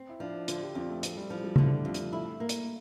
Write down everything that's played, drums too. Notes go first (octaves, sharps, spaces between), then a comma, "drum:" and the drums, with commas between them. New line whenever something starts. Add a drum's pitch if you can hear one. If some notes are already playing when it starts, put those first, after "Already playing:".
Already playing: C4
E4
F3 D4
D3 F4, drum: hi-hat
G4
F2 C4
A3
A3 C4, drum: hi-hat
G3
E3 F3
G3
D3 A3, drum: tom C#3
G3
F2
drum: hi-hat
A3 E4
A3 A#3
drum: hi-hat